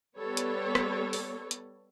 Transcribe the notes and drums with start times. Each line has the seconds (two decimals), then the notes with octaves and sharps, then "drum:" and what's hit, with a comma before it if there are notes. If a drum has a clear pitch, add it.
0.18 G3 B3 A4 C#5
0.37 drum: hi-hat
0.75 drum: rim click
1.13 drum: open hi-hat
1.51 drum: hi-hat